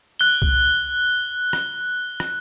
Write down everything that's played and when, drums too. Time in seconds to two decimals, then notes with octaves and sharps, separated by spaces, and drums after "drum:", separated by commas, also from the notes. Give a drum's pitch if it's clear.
0.20 F#6 G7
0.42 drum: kick C2
1.53 drum: rim click
2.20 drum: rim click